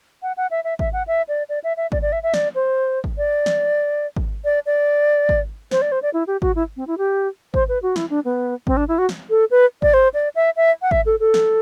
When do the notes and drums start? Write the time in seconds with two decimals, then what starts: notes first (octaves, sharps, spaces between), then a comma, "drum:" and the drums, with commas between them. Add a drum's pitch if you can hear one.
0.22 F#5
0.37 F#5
0.51 E5
0.64 E5
0.79 E5, drum: kick G#1
0.93 F#5
1.07 E5
1.28 D5
1.49 D5
1.64 E5
1.77 E5
1.92 D5, drum: kick G#1
2.02 D5
2.12 E5
2.23 E5
2.34 D5, drum: snare
2.55 C5
3.04 drum: kick G#1
3.18 D5
3.46 drum: snare
4.16 drum: kick G#1
4.45 D5
4.66 D5
5.29 drum: kick G#1
5.71 C5, drum: snare
5.82 D5
5.92 C5
6.02 D5
6.14 E4
6.27 G4
6.42 F#4, drum: kick G#1
6.55 E4
6.77 C4
6.87 E4
6.98 G4
7.54 C5, drum: kick G#1
7.69 B4
7.82 F#4
7.96 E4, drum: snare
8.10 D4
8.25 B3
8.67 C4, drum: kick G#1
8.77 D4
8.88 E4
8.98 F#4
9.09 drum: snare
9.30 A4
9.51 B4
9.82 D5, drum: kick G#1
9.94 C5
10.14 D5
10.35 E5
10.56 E5
10.82 F#5
10.91 E5, drum: kick G#1
11.06 A4
11.20 A4
11.34 drum: snare